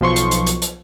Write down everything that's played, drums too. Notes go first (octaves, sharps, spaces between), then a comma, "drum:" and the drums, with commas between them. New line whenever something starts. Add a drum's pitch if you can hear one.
B1 F3 C6 C#6
drum: hi-hat
drum: hi-hat
drum: hi-hat
drum: hi-hat